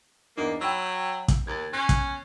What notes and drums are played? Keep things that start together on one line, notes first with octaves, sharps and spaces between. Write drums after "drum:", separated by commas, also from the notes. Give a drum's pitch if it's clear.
E2 A#3 D4 D#4
F#3 G5 B5 E6
drum: kick, hi-hat
D#2 G#6 A6
C#4 F#6 C7
drum: kick, hi-hat